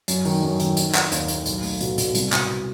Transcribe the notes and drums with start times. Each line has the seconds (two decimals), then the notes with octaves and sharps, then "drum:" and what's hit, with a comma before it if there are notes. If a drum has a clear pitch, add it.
0.08 F#2, drum: hi-hat
0.25 D#3, drum: open hi-hat
0.43 F#2
0.60 D#3, drum: hi-hat
0.77 D#4, drum: hi-hat
0.95 D#4, drum: clap
1.12 D#2, drum: hi-hat
1.28 D#4, drum: hi-hat
1.46 B1, drum: hi-hat
1.63 A3, drum: open hi-hat
1.81 B2, drum: hi-hat
1.98 B2, drum: hi-hat
2.15 C2, drum: hi-hat
2.32 B2, drum: clap